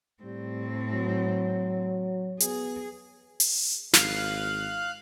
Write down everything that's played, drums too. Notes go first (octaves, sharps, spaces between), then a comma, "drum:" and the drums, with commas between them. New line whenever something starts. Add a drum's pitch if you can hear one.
A2 G3 C4
F#3
B3 G#4, drum: hi-hat
drum: open hi-hat
G#1 F5 F#6, drum: snare